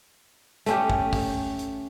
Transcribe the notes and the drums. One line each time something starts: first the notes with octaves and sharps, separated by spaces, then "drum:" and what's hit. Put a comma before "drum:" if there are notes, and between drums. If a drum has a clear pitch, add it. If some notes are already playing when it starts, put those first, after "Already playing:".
A3 C#4 G4, drum: hi-hat
drum: kick
drum: kick, open hi-hat
drum: hi-hat